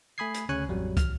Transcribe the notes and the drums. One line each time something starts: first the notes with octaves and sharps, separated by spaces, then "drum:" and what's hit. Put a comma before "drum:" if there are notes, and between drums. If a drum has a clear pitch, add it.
A3 G#5 B5 D#6 G#6 C7
drum: hi-hat
D2 C#3 C#4 G#5 C#6 F#6
A1 F2 F#3 G3
F6, drum: kick, hi-hat